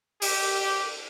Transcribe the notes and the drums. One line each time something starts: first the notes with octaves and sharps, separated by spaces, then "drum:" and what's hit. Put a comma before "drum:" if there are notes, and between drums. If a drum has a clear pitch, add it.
G4, drum: open hi-hat